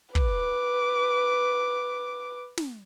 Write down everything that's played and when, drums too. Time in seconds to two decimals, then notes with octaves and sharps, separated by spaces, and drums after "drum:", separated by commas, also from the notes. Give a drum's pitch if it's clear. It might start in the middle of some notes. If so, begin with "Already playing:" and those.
0.15 B4 D6, drum: kick
2.58 drum: snare